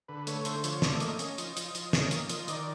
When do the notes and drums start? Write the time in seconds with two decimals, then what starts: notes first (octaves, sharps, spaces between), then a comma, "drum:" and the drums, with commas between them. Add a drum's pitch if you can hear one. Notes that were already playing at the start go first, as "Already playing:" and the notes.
0.08 D3 B4
0.27 A3 C#5, drum: hi-hat
0.45 D3 C5, drum: hi-hat
0.64 F3 C#5, drum: hi-hat
0.82 A3 D5, drum: snare
0.93 D5
1.00 A#3 D#5, drum: hi-hat
1.19 C#4, drum: hi-hat
1.38 F3, drum: hi-hat
1.57 F3, drum: hi-hat
1.75 F3, drum: hi-hat
1.93 C#4, drum: snare
2.11 A#3, drum: hi-hat
2.29 F3, drum: hi-hat
2.48 D#3 D5, drum: hi-hat